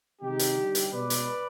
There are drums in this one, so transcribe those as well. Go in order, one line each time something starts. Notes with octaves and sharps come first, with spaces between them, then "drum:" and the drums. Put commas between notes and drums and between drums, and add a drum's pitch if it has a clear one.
C3 D#3 G#3 D#4 G4
drum: hi-hat
D3 G3
drum: hi-hat
B2 G#3 B4 D5
drum: hi-hat